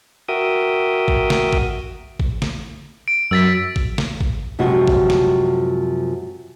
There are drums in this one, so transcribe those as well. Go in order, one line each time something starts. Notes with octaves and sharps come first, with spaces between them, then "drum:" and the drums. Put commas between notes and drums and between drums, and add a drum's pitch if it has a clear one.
F#4 A#4 E5 G5 D#6
drum: kick
drum: snare
drum: kick
drum: kick
drum: snare
D7
F#2 E6 A6 B6
drum: kick
drum: snare
drum: kick
F#2 C3 F3 G#3 F#4 G4
drum: kick
drum: snare